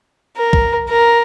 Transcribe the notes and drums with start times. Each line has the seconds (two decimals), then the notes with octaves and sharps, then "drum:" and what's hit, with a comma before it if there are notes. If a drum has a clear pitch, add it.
0.37 A#4
0.53 drum: kick B1
0.89 A#4